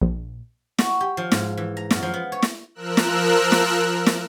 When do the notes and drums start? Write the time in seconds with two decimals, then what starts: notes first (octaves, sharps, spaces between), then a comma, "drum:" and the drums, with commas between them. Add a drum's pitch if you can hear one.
0.01 A#1
0.78 F#4, drum: snare
1.00 G4
1.17 F3
1.32 G#2, drum: snare
1.57 E3
1.77 A#5
1.91 F#2, drum: snare
2.03 F3
2.14 B3
2.32 C#5
2.42 drum: snare
2.75 F3 A#4 E6 F#6
2.97 drum: snare
3.52 drum: snare
4.06 drum: snare